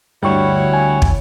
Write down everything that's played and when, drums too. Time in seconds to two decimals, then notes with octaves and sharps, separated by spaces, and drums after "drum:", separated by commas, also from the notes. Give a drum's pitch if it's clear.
0.23 D2 G2 G3 E4 F#4 C#5 C#6
0.73 G#5
1.02 drum: kick